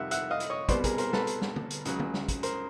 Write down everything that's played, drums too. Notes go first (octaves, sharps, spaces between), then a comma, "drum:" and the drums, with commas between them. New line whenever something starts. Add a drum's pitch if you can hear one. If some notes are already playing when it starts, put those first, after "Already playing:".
Already playing: F2 C3 D#3 G3 E5 F#5
E5 F#5, drum: hi-hat
D#5 F5
drum: hi-hat
C#5 D#5
C2 B2 G3 B3 C5 D5, drum: kick, hi-hat
G#4 A#4, drum: kick, hi-hat
A#4 C5, drum: hi-hat
A4 B4, drum: snare
drum: hi-hat
drum: snare
drum: tom D3
drum: hi-hat
C#2 C#3 F#3, drum: hi-hat
drum: tom D3
drum: snare
drum: kick, hi-hat
A#4 C5, drum: hi-hat